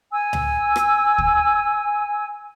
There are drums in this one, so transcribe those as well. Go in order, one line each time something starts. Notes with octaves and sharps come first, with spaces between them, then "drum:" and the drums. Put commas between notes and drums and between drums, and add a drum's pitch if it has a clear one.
G#5 E6
drum: tom C#2
drum: rim click
drum: kick